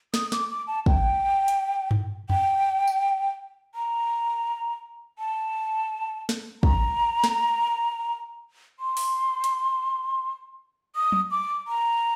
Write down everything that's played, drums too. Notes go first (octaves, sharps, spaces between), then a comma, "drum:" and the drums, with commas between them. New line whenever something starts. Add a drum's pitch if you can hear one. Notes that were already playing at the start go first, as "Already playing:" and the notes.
D#6, drum: snare
D6, drum: snare
D6
A5
G5, drum: kick
drum: hi-hat
drum: tom G2
G5, drum: tom F2
drum: tambourine
A#5
A5
drum: snare
A#5, drum: kick
drum: snare
C6
drum: open hi-hat
drum: hi-hat
D#6
drum: tom F#3
D6
A#5